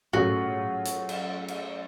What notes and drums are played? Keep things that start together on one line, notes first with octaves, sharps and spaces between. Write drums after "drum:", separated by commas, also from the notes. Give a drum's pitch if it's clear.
F#3 A3 C#4 F4 F#4 G#4, drum: tom G#2
drum: hi-hat
drum: cymbal
drum: cymbal